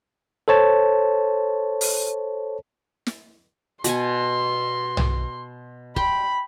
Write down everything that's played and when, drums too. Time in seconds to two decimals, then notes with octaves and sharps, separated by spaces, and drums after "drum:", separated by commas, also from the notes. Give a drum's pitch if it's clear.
0.48 A4 C5 C#5 A5
1.81 drum: open hi-hat
3.07 drum: snare
3.84 B2 F#5 G#5 C6, drum: hi-hat
4.97 drum: tom B1
5.96 G5 B5 C6, drum: kick